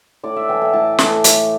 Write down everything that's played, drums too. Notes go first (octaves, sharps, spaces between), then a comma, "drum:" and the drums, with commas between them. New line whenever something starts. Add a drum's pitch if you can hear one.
A2 D5
E5
E3 A3 G5
G5
A2 A5
E3 A3, drum: snare
A2, drum: hi-hat